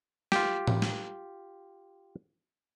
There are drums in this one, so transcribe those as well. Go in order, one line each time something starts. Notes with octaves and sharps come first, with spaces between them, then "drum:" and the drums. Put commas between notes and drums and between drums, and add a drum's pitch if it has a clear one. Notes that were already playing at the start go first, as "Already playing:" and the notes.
F4 G4, drum: snare
drum: tom A2
drum: snare